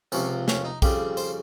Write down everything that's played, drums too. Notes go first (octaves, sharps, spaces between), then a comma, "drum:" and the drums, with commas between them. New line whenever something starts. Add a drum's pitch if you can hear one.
C#2 C3 F3 C#4, drum: tambourine
C#4, drum: snare
D#4
F2 C#3 G3 G4, drum: kick, tambourine
C5, drum: tambourine